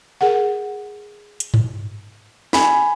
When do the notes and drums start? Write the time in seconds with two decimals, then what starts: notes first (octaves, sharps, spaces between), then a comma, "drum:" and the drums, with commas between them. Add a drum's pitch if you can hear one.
0.21 G#4 A#4 F#5
1.40 drum: hi-hat
1.54 drum: tom G2
2.53 G#5 B5, drum: snare